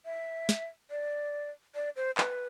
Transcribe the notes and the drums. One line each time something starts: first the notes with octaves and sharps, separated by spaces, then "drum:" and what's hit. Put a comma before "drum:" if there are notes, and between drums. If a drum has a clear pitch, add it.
E5
drum: snare
D5
D5
C5
B4, drum: clap